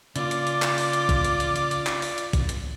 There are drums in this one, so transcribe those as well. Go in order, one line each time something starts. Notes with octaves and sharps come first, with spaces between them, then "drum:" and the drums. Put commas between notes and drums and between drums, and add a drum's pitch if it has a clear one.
C#3 A#3 F4 D5 D6, drum: hi-hat
drum: hi-hat
drum: hi-hat
drum: clap
drum: open hi-hat
drum: hi-hat
drum: kick, hi-hat
drum: hi-hat
drum: hi-hat
drum: hi-hat
drum: hi-hat
drum: clap
drum: open hi-hat
drum: hi-hat
drum: kick, hi-hat
drum: hi-hat